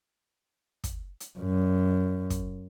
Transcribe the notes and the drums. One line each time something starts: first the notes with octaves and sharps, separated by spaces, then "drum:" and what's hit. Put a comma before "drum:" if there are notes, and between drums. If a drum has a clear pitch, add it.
drum: kick, hi-hat
drum: hi-hat
F#2
drum: kick, hi-hat